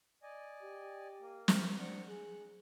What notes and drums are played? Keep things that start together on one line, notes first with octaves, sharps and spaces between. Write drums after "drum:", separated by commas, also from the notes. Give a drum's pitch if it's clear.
D5 D#5 G#5
G4
A#3
drum: snare
C4 D4 F#5
G#4 F#6